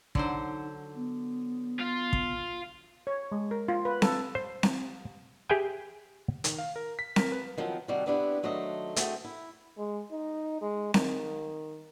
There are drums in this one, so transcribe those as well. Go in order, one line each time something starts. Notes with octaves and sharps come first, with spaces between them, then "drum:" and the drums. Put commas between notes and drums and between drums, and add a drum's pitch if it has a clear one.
D3 F#3 D#4 C5, drum: kick
B3
F4
drum: kick
C#5
G#3
A#4
F4
B4
A4, drum: snare C4
C5
drum: snare C4
G4 G#4 E5 G5 G#5
D#3, drum: hi-hat
F5
A#4
B6
A#4, drum: snare C4
B4
D#3 F3 F#3 C4
C3 D#3 G3 C4 F#4 A4
B3 C4 D4 E4 G4
D#3 F#3 A3 C5 D#5
A3 C4 F#4 G#4, drum: hi-hat
E4
G#3
D#4
G#3
D#3, drum: snare C4